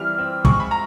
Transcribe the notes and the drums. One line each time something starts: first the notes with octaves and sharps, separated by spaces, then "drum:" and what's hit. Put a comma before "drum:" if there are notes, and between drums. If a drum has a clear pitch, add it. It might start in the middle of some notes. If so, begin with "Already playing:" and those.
Already playing: E3 G3 C4 F6
C4
G#3 C#6, drum: kick
B5
A#5